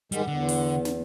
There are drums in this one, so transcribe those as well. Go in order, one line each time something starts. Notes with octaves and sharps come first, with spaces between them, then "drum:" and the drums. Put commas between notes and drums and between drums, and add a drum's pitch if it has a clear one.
G#2 D#3 G3 G#3 F#5, drum: hi-hat
E2 D3
drum: open hi-hat
drum: snare